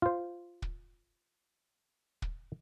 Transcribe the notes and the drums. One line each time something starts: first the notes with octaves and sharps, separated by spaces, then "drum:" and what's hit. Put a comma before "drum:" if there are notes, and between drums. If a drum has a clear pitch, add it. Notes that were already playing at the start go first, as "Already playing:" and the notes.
F4 C5
drum: kick
drum: kick